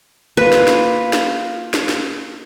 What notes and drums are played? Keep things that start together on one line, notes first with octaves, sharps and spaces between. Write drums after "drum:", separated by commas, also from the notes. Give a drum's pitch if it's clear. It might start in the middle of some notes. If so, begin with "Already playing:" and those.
A#3 F4 B4
drum: snare
drum: snare
drum: snare
drum: snare
drum: snare